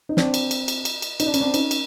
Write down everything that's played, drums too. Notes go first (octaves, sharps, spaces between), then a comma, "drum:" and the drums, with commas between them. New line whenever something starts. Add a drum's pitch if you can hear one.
D#4
C4 D4, drum: snare
drum: cymbal
drum: cymbal
drum: cymbal
drum: cymbal
drum: cymbal
D#4, drum: cymbal
D4
C#4, drum: cymbal
C4 D4
C#4 D#4, drum: cymbal
drum: cymbal